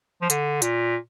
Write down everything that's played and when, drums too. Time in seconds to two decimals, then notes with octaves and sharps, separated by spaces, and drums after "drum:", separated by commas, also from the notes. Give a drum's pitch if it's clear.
0.22 F3
0.30 D3, drum: hi-hat
0.62 A#2, drum: hi-hat